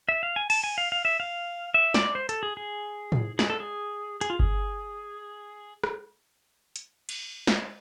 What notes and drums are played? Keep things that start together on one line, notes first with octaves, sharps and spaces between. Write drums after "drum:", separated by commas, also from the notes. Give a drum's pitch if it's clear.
E5
F5
G#5
A5, drum: cymbal
G#5
F5
F5
E5
F5
E5
D5, drum: snare
C5
A4, drum: hi-hat
G#4
G#4
drum: tom
G#4, drum: snare
A4
G#4
G#4, drum: hi-hat
F4
G#4, drum: kick G1
drum: rim click
drum: hi-hat
drum: cymbal
drum: snare